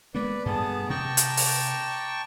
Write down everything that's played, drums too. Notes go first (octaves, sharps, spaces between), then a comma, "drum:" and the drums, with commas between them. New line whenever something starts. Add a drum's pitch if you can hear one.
G#3 A#3 B3 B4 D5
G2 B2 A3 B3 G#4 A5 D#6
C3 D5 G5 A5 A#5 C#6
drum: hi-hat
drum: open hi-hat